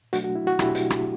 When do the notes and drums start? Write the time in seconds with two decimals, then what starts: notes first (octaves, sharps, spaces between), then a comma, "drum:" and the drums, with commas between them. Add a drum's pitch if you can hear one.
0.13 B2 F#3 A3 D4 F#4, drum: hi-hat
0.24 F#4
0.35 E4
0.47 F#4
0.59 B2 F#3 A3 D4 E4 G4, drum: rim click
0.75 drum: hi-hat
0.90 drum: rim click